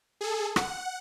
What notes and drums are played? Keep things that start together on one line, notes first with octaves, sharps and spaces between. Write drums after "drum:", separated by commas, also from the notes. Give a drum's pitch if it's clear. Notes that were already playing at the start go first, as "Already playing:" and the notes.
G#4 A4
F#5, drum: rim click